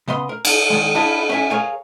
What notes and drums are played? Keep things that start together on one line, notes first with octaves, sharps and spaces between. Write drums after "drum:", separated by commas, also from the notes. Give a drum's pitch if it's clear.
C#3 B3 D#5 C6
A#4
drum: cymbal
D#3 G#3
D4 E4 F4 A#4 D#5
C#4 E5 G#5
G#4 A#4 C#5 F5 G#5